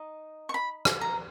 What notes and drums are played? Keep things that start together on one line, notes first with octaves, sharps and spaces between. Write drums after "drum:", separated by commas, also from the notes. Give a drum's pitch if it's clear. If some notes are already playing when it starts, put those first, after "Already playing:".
Already playing: D#4 D#5
C#6
B5
drum: rim click
A#5